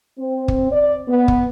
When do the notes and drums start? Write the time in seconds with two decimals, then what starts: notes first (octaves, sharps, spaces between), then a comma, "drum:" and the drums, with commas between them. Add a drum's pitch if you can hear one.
0.19 C4
0.48 drum: kick
0.71 D5
1.08 B3
1.28 drum: kick